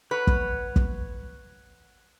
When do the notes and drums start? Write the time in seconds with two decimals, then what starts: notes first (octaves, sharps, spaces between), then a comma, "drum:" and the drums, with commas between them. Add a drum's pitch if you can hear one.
0.11 B4 C#5 F#5
0.27 drum: kick
0.76 drum: kick